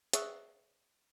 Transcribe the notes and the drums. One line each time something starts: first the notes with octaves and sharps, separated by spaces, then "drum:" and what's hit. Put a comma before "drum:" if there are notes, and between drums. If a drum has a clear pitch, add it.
G#4 E5 C#6 D#6 E6 F#6, drum: hi-hat